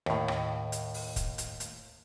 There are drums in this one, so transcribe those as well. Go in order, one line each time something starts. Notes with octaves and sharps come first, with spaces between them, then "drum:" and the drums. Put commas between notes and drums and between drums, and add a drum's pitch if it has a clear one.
D#2 A2, drum: rim click
drum: rim click
drum: hi-hat
drum: open hi-hat
drum: kick, hi-hat
drum: hi-hat
drum: hi-hat